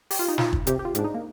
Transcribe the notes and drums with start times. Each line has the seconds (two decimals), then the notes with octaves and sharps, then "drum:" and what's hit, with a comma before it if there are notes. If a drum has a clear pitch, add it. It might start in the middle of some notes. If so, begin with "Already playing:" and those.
0.11 G4, drum: open hi-hat
0.19 F4
0.28 D#4
0.38 F4, drum: snare
0.53 drum: kick
0.67 C3 G4, drum: hi-hat
0.79 G4
0.85 F4
0.95 G#2, drum: hi-hat
0.99 D4
1.04 D#4
1.14 A#3